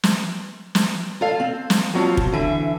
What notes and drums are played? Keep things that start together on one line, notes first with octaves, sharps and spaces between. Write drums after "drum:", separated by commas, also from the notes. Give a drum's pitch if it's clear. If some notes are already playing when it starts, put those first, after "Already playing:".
drum: snare
drum: snare
F4 A4 F5
C4
drum: snare
F3 F#3 C4 F4 A5
drum: kick
D3 E3 E5